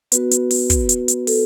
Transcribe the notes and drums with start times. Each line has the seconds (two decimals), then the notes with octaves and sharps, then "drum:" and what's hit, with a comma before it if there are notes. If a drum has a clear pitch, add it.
0.12 B3 F#4 B4, drum: hi-hat
0.31 drum: hi-hat
0.51 drum: open hi-hat
0.70 drum: kick, hi-hat
0.89 drum: hi-hat
1.08 drum: hi-hat
1.27 A4, drum: open hi-hat